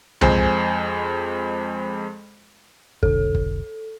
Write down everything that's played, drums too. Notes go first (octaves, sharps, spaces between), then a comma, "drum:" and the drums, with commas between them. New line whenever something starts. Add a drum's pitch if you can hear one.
F2 G#3 C5 G#5, drum: tom C2
F1 B1 D3 A4, drum: kick
drum: kick